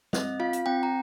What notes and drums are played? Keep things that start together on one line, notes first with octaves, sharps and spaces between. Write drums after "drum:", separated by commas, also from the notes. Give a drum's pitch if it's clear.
C4 D#5, drum: snare
F4 F5
drum: hi-hat
C4 G5
A#5